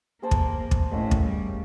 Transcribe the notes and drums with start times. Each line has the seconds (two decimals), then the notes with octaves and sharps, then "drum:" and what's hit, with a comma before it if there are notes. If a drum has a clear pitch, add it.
0.22 A#3 G#4 C5 A5
0.31 drum: kick
0.71 drum: kick
0.91 A2 G#3 A#3 C#4
1.11 drum: kick
1.25 G3